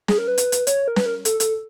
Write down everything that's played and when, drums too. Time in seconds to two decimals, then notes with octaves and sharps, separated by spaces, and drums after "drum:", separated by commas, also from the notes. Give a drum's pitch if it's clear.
0.08 G#4, drum: snare
0.18 A#4
0.28 B4
0.38 drum: hi-hat
0.52 drum: hi-hat
0.67 C#5, drum: hi-hat
0.88 A#4
0.96 B4, drum: snare
1.06 A#4
1.25 A4, drum: hi-hat
1.40 A4, drum: hi-hat